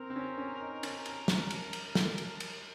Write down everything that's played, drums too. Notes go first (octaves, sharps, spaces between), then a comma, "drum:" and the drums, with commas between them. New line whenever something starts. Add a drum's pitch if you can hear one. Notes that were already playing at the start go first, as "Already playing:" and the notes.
Already playing: C4 A#4
C4
C#4
C#4
D#4
C#4, drum: cymbal
drum: cymbal
drum: snare
drum: cymbal
drum: cymbal
drum: snare
drum: cymbal
drum: cymbal